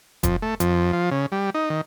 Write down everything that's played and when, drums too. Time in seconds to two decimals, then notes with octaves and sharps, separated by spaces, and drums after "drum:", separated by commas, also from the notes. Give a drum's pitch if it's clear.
0.23 F2, drum: kick F1, hi-hat
0.42 A3
0.60 F2, drum: hi-hat
0.93 F3
1.11 C#3
1.32 G3
1.54 D#4
1.70 D#3